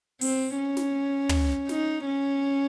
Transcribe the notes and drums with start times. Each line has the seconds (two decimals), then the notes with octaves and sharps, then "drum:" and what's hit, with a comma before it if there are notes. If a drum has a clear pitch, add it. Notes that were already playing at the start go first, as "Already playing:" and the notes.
0.21 C4, drum: open hi-hat
0.57 C#4
0.77 drum: snare
1.29 drum: tom
1.69 D#4, drum: snare
2.06 C#4